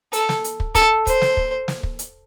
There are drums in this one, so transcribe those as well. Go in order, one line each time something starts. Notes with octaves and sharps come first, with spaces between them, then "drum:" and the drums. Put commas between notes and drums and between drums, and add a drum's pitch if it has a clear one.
A4, drum: hi-hat
drum: snare
drum: hi-hat
drum: kick
A4, drum: kick, hi-hat
C5, drum: kick, hi-hat
drum: snare
drum: kick
drum: snare
drum: kick
drum: hi-hat